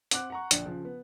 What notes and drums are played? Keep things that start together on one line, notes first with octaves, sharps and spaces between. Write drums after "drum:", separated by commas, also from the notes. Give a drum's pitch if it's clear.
C4 F#5 D6 F#6, drum: hi-hat
F#5 A#5 C#6
A#1 D3 D4, drum: hi-hat
C#3 F3
B3